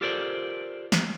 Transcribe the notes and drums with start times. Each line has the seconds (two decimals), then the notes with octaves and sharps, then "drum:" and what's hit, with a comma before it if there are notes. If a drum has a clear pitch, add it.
0.01 F4 G4 A4 A#4 C5 D5
0.92 drum: snare